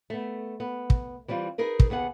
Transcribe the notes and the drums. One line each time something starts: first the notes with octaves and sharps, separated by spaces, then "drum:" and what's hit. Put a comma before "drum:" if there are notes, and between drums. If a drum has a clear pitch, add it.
A3 B3
B3
drum: kick
E3 G3 C4 F4
D#4 G#4 A#4 B4
drum: kick
D#2 B3 G#4 F#5